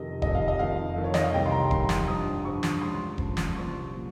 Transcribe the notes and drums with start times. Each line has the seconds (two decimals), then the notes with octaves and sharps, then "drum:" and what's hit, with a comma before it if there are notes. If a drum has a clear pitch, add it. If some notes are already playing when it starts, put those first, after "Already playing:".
Already playing: F2 C3 D#3 D#5
0.22 F2 C3 D#3 D#5, drum: kick E1
0.35 F5
0.48 D#5
0.59 F2 D#3 F5
0.96 F2 D#3
1.04 C#5
1.14 D#5, drum: snare
1.23 F5
1.34 C2 C3 D#3 G5
1.46 C6
1.52 A#5
1.71 C2 C3 D#3 C6, drum: kick E1
1.89 drum: snare
2.08 G2 F3 D#6
2.45 G2 F3 C#6
2.63 drum: snare
2.81 C#2 C#3 F3 C6
3.18 C#2 C#3 F3, drum: kick E1
3.37 drum: snare
3.55 C2 A#2 F3 C#6
3.92 A#2 F3